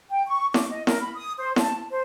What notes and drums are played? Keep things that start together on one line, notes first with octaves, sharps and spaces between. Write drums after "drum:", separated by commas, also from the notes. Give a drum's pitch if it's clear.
G5
C#6
D6, drum: snare E4
D#5
A#4, drum: snare E4
B5
D#6
C5
A5, drum: snare E4
C5